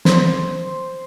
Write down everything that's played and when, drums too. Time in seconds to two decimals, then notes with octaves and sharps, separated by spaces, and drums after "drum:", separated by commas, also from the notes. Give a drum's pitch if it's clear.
0.05 C5, drum: snare